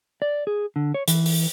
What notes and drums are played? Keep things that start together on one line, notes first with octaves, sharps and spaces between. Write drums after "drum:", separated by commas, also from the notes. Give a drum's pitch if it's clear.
D5
G#4
D3
C#5
E3, drum: hi-hat
drum: open hi-hat